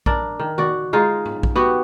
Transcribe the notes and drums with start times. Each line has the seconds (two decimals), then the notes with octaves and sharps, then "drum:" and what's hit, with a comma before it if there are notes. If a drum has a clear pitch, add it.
0.06 D4 A#4 D5, drum: kick A#1
0.40 D#3
0.58 F#4 D5, drum: tom D#3
0.93 G#3 D#4 F4 G#4
1.25 drum: tom G#2
1.43 drum: kick A#1
1.55 B3 F#4 G4